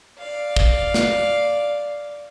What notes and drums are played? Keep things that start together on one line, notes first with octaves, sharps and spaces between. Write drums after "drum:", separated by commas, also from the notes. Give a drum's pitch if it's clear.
D5 F5
drum: kick
drum: snare